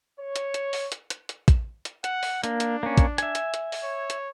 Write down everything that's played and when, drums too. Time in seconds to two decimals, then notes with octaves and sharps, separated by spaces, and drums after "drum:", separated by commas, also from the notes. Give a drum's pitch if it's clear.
0.19 C#5
0.36 drum: hi-hat
0.54 drum: hi-hat
0.73 drum: open hi-hat
0.92 drum: hi-hat
1.10 drum: hi-hat
1.29 drum: hi-hat
1.48 drum: kick, hi-hat
1.85 drum: hi-hat
2.04 F#5, drum: hi-hat
2.23 drum: open hi-hat
2.44 A#3 D4, drum: hi-hat
2.60 drum: hi-hat
2.83 A#3 C#4
2.98 drum: kick, hi-hat
3.18 E5 G#5, drum: hi-hat
3.35 drum: hi-hat
3.54 drum: hi-hat
3.72 drum: open hi-hat
3.83 C#5
4.10 drum: hi-hat